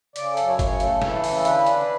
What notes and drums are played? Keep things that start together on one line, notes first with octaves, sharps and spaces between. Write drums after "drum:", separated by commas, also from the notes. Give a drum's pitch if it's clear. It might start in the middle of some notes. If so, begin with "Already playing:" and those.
C#3 D5, drum: hi-hat
A4
F#2, drum: hi-hat
C#5
C#3 C#5, drum: kick, hi-hat
A3 A4, drum: hi-hat
E3, drum: snare
C#3, drum: open hi-hat
D3 B4, drum: hi-hat
D4, drum: hi-hat